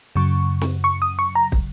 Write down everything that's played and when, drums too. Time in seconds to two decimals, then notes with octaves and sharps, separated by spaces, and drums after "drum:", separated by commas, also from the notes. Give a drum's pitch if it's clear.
0.16 F#2 C#3 F#3 C#6
0.61 drum: snare
0.84 C#6
1.02 D#6
1.19 C#6
1.35 A#5
1.52 drum: kick